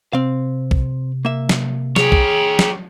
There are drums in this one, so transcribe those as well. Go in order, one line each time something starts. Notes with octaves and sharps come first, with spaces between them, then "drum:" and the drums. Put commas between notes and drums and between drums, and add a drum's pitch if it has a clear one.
C3 C4 F5
drum: kick
A#3 E5
drum: snare
G4 G#4 C#5, drum: snare
drum: kick
drum: snare